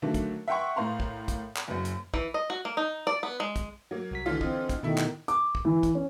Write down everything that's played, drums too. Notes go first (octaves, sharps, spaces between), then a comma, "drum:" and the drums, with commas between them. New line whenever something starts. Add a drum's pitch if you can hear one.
D3 D#3 F#3 A3 A#3 D4
drum: kick, hi-hat
E5 F#5 G5 C6 C#6
A2 A#3 A#4 F5 A#5 C6
drum: kick
drum: kick, hi-hat
drum: clap
F#1 F#2
drum: hi-hat
E3, drum: kick
D#5
F#4
A#3
D#4
D5
B3
G#3
drum: kick, hi-hat
F#3 A#3
C2 F#4 B6
D3 E3 F4
C4 D#5, drum: kick
drum: kick, hi-hat
B2 D#3 A3 E4
drum: clap
D6, drum: hi-hat
drum: kick
E3
drum: kick, hi-hat
C#4